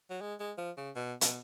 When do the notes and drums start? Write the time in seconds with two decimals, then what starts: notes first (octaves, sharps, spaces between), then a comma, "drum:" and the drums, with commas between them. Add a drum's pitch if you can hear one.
0.10 F#3
0.21 G#3
0.40 G#3
0.58 F3
0.77 C#3
0.96 B2
1.21 B2, drum: hi-hat